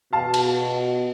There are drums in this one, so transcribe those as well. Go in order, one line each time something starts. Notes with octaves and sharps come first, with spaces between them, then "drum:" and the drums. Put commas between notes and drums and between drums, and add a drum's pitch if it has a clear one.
B2 F5 A5
drum: cymbal